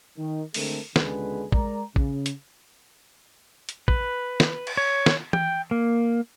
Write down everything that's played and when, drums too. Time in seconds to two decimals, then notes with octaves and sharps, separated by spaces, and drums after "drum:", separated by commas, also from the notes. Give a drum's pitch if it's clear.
0.18 D#3
0.54 D3 G#3 A3 C4 A4 A#4, drum: open hi-hat
0.96 C#2 B2 D3 G#3 G#4 B4, drum: snare
1.52 G#3 A#4 D5 A#5, drum: kick A1
1.96 C#3, drum: kick A1
2.26 drum: hi-hat
3.69 drum: hi-hat
3.88 B4, drum: kick A1
4.40 drum: snare
4.67 drum: cymbal
4.77 C#5
5.06 drum: snare
5.33 G5, drum: tom
5.71 A#3